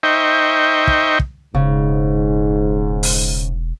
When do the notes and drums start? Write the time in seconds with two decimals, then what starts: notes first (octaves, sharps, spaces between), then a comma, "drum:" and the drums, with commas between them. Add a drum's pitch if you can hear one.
0.03 D#4 C5 D#5 E5 G5 C#6
0.87 drum: kick
1.19 drum: kick
1.55 E1 G#2 C#3
3.03 drum: open hi-hat